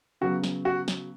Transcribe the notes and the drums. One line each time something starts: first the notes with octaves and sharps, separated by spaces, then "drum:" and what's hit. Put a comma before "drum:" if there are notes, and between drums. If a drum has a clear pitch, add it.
C#3 F#3 B3 F#4
drum: snare
F#4
drum: snare